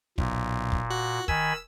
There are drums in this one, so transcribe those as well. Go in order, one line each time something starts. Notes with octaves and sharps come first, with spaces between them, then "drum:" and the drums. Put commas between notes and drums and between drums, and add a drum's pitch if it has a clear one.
B1 A#2, drum: kick
drum: kick
F#4 F#6
D#3 G#5 B5 E6, drum: kick